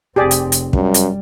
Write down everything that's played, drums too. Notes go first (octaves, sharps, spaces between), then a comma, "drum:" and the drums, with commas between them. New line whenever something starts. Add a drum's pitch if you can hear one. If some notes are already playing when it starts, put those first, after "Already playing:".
F1 C4 G4 G#4 D5
drum: hi-hat
drum: hi-hat
F#2 G3, drum: kick
drum: hi-hat